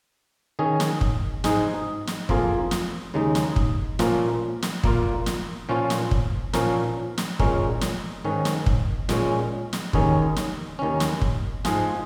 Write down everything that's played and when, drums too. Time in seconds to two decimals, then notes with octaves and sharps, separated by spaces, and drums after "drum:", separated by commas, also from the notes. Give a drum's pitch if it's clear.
0.59 D#3 C#4 G#4
0.80 drum: snare
1.01 drum: kick
1.44 G#2 G#3 D#4 G#4, drum: snare
2.07 drum: snare
2.29 F2 F3 A#3 F4 G#4, drum: kick
2.71 drum: snare
3.14 D#2 C#3 G#3 D#4
3.35 drum: snare
3.56 drum: kick
3.99 A#2 F3 A#3 C#4 F4, drum: snare
4.62 drum: snare
4.84 A#2 A#3 F4, drum: kick
5.26 drum: snare
5.69 A#2 F3 C#4 F4
5.90 drum: snare
6.11 drum: kick
6.53 A#2 F3 C#4 A#4, drum: snare
7.18 drum: snare
7.39 A#2 G#3 C#4 A#4, drum: kick
7.81 drum: snare
8.24 G#2 D#3 C#4
8.45 drum: snare
8.66 drum: kick
9.09 A#2 G#3 C#4, drum: snare
9.73 drum: snare
9.93 D#2 D#3 C#4 G#4, drum: kick
10.36 drum: snare
10.79 D#2 D#3 C#4
11.00 drum: snare
11.21 drum: kick
11.65 G#2 F3 G#3 F4 G#4, drum: snare